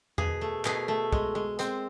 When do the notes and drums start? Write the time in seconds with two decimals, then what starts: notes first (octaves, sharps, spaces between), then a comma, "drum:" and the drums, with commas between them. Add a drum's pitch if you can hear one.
0.18 B2 G#4, drum: tom E2
0.41 A3
0.65 B2 G#4, drum: clap
0.88 A3
1.13 G#3, drum: kick
1.35 G#3
1.59 G#3 C4, drum: hi-hat